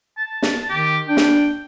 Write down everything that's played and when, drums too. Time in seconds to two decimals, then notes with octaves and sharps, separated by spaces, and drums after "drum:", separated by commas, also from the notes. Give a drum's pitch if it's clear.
0.18 A5
0.42 drum: snare
0.70 D#3 G4
1.08 D4 G5
1.17 drum: snare